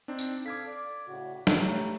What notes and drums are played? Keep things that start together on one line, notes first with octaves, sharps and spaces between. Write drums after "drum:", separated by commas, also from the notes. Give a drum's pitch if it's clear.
C4 D4 D#4
drum: tambourine
A4 F5 D6 G#6 B6
D5
A2 C#3 F#4
E3, drum: snare
G3 A3 C#5 A#5